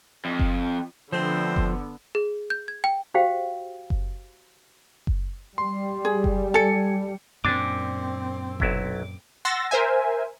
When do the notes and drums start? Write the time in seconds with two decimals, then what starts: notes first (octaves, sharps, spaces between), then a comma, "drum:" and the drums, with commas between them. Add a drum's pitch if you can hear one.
0.25 F2
0.39 drum: kick F#1
1.12 D3 F3 A3 B3 C4 D4 C5
1.56 drum: kick F#1
2.15 G#4
2.50 G6
2.68 G#6
2.84 G5
3.14 F#4 G4 C5 F5 G5
3.90 drum: kick F#1
5.07 drum: kick F#1
5.58 G3 C6
6.05 G#4
6.24 drum: kick F#1
6.54 A4 G#5 C#7
7.45 F#2 A#2 C4 D4 G#5 D6
8.60 B1 F#3 E4, drum: kick F#1
9.45 F#5 C6 E6 A6 A#6
9.71 A#4 C5 E5 G#5